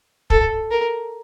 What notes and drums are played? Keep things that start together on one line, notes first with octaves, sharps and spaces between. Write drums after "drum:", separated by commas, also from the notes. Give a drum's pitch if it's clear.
A4, drum: kick
A#4